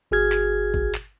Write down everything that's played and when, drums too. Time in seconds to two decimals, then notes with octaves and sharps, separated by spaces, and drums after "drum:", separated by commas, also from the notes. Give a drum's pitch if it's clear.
0.11 G1 F#4 G#4 F6 G#6
0.32 drum: clap
0.74 drum: kick A#1
0.95 drum: clap